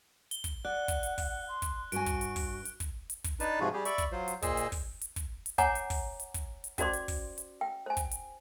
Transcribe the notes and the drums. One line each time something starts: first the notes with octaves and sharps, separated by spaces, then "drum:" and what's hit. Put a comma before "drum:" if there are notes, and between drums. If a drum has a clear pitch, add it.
G7, drum: hi-hat
drum: kick, hi-hat
D5 F#5 F#6
drum: kick, hi-hat
drum: hi-hat
drum: kick, open hi-hat
C6
drum: kick, hi-hat
G2 F#4 G#5 D7, drum: hi-hat
drum: kick, hi-hat
drum: hi-hat
drum: kick, open hi-hat
drum: hi-hat
drum: kick, hi-hat
drum: hi-hat
drum: kick, hi-hat
D4 D#4 B4 A5, drum: hi-hat
G#2 C3 F3 F4 F#4 G#4
G3 G4 G#4
D5 E5 B5 C#6, drum: hi-hat
drum: kick, hi-hat
F#3 F4 C5
drum: hi-hat
A#2 G#4 C5 D#5 E6, drum: kick, hi-hat
drum: hi-hat
drum: kick, open hi-hat
drum: hi-hat
drum: kick, hi-hat
drum: hi-hat
C#5 F#5 G#5 A#5 D6, drum: kick, hi-hat
drum: hi-hat
drum: kick, open hi-hat
drum: hi-hat
drum: kick, hi-hat
drum: hi-hat
C#4 F#4 C5 D5 C6 D6, drum: kick, hi-hat
drum: hi-hat
drum: kick, open hi-hat
drum: hi-hat
G5
C5 G#5
drum: kick, hi-hat
drum: hi-hat